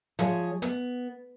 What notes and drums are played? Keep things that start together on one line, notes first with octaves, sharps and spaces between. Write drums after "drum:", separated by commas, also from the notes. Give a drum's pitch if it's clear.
F3 G#3 G#4 C#5, drum: hi-hat
B3, drum: hi-hat